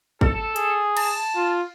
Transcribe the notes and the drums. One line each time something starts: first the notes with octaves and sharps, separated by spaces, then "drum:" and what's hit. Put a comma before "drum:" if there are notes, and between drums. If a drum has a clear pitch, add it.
A4, drum: kick G#1
G#4, drum: hi-hat
A5, drum: cymbal
F4